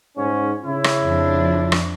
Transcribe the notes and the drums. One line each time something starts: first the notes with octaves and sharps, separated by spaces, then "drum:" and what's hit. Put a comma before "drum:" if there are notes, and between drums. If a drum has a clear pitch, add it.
G#2 C#4
C#3 C#4 E4
drum: rim click
F2 F3 D4
drum: rim click